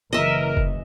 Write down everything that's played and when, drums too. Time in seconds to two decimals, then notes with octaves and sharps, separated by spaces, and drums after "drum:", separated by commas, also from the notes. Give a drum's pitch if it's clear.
0.13 F#1 C#3 E3 A#4 D#5 E5
0.57 drum: kick F1